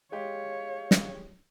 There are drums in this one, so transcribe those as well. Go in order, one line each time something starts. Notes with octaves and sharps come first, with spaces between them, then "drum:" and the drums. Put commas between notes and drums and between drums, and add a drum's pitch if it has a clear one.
G#3 G4 C#5 F5
drum: snare